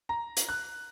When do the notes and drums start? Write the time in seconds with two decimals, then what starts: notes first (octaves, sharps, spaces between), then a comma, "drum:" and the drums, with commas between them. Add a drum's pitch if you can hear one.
0.09 A#5
0.37 drum: hi-hat
0.49 F#6